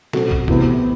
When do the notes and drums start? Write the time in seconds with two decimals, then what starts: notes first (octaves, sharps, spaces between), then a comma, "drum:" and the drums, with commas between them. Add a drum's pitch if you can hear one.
0.13 B2 F#3 C4 F#4 A4, drum: snare
0.31 drum: kick
0.48 A2 C3 E3 B3, drum: kick